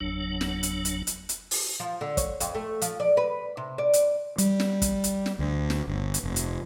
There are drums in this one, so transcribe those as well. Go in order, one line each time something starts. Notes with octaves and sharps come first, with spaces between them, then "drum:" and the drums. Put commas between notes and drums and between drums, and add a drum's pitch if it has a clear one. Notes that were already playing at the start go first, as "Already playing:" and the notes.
F#1 E2 F#3 D4
drum: snare
drum: hi-hat
drum: hi-hat
drum: hi-hat
drum: hi-hat
drum: open hi-hat
F3
D3
C#5, drum: kick, hi-hat
F2, drum: hi-hat
A3
F3, drum: hi-hat
D5
B4
C3
D5
drum: hi-hat
G3, drum: hi-hat
drum: snare
drum: kick, hi-hat
drum: hi-hat
drum: snare
D2
drum: snare
G1
drum: hi-hat
F1
drum: hi-hat